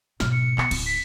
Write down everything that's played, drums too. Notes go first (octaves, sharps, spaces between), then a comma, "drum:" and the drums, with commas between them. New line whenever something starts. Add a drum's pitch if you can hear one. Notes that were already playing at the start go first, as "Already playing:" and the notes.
G#2 B2 F6, drum: snare
C#7
B3, drum: clap
D1, drum: cymbal
B6